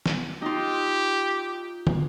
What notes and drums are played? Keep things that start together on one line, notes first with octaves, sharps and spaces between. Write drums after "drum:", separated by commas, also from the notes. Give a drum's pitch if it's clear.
drum: snare
D#4 F4 G4
drum: tom